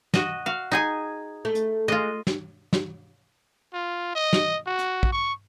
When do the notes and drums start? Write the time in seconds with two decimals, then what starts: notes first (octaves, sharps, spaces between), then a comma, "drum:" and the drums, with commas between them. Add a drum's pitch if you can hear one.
0.14 F#4 D#5, drum: snare
0.46 F#4 F5
0.71 D#4 G#4 G#5
1.45 A3
1.55 drum: hi-hat
1.88 G#3 F4 D#5
2.27 drum: snare
2.73 drum: snare
3.73 F4
4.15 D#5
4.33 drum: snare
4.67 F#4
4.79 drum: hi-hat
5.03 drum: kick
5.12 C#6